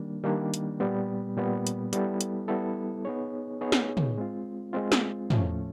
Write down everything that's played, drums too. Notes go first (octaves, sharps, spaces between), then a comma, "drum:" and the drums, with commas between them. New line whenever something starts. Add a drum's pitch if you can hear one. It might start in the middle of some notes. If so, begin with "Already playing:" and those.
Already playing: D#3 G3 A#3 D4
D#3 G3 A#3 D4
drum: hi-hat
A#2 G3 B3
A#2 G3 B3
drum: hi-hat
G3 B3 E4 A4, drum: hi-hat
drum: hi-hat
G3 B3 E4 A4
B3 D#4 G#4 C#5
B3 D#4 G#4 C#5
drum: snare
drum: tom
G#3 C4 F4
G#3 C4 F4
drum: snare
A2 F3 A3 C#4, drum: tom